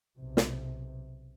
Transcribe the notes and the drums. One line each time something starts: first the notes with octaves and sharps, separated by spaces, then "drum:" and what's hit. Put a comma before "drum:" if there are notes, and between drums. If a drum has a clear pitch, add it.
B1 C3
drum: snare